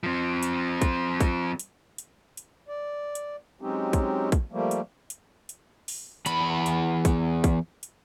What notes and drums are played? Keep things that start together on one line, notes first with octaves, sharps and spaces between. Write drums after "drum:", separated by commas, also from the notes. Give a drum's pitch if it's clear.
F3 C4
drum: hi-hat
drum: kick, hi-hat
drum: kick, hi-hat
drum: hi-hat
drum: hi-hat
drum: hi-hat
D5
drum: hi-hat
F#3 G#3 C4 C#4 D#4 G4
drum: kick, hi-hat
drum: kick, hi-hat
F3 G3 A3 A#3
drum: hi-hat
drum: hi-hat
drum: hi-hat
drum: open hi-hat
E2 B5, drum: hi-hat
drum: hi-hat
drum: kick, hi-hat
drum: kick, hi-hat
drum: hi-hat